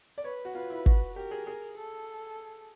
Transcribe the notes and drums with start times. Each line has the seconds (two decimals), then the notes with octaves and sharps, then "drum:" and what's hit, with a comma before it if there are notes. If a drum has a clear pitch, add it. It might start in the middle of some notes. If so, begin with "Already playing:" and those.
0.18 D5
0.24 B4 C#5
0.45 F#4
0.55 F4 B4
0.70 E4
0.86 F#4, drum: kick
1.16 G4 A#4
1.31 G#4
1.47 G#4
1.78 A4